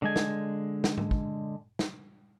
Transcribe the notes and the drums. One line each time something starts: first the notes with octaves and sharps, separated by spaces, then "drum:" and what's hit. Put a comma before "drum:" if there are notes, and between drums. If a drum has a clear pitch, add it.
D3 G#3 G#5
drum: snare
drum: snare
drum: tom G#2
drum: kick
drum: snare